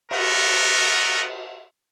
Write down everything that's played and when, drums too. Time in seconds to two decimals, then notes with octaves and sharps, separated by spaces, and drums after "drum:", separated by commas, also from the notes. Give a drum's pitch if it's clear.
0.11 A3 B3 A#4, drum: cymbal